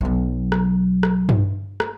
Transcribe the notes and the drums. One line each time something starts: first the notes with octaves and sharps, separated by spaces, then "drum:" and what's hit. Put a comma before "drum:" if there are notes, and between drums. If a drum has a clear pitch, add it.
B1 F#3
drum: rim click
drum: rim click
drum: tom G2
drum: rim click